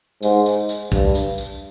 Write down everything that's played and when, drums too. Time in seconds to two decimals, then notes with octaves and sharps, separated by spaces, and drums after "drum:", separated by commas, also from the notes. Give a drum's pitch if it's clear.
0.23 G#2, drum: tambourine
0.46 drum: tambourine
0.69 drum: tambourine
0.92 G2, drum: kick, tambourine
1.15 drum: tambourine
1.38 drum: tambourine